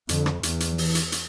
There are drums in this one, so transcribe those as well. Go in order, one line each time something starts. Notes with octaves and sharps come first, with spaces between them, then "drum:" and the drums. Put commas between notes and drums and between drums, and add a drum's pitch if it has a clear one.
F2 D3, drum: hi-hat
drum: rim click
E2, drum: hi-hat
drum: hi-hat
F3
E3, drum: open hi-hat
drum: hi-hat
drum: hi-hat